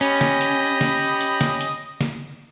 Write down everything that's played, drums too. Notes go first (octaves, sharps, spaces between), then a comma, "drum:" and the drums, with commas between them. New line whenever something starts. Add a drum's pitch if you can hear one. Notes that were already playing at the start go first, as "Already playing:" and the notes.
C#4 G4 D#5 B5
drum: snare
drum: hi-hat
drum: snare
drum: hi-hat
drum: snare
drum: hi-hat
drum: snare